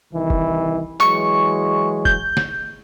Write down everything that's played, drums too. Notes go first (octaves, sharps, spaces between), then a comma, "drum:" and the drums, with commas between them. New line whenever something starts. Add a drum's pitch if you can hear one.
C2 D#3 E3
drum: kick F1
E3 F#3 G#3 C#6, drum: clap
G6, drum: kick F1
drum: snare